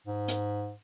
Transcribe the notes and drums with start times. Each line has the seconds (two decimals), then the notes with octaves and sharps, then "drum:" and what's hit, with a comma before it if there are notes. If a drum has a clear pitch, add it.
0.07 G#2
0.28 drum: hi-hat